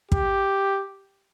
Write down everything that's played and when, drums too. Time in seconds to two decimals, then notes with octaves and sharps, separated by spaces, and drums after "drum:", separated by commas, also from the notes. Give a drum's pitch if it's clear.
0.12 G4, drum: kick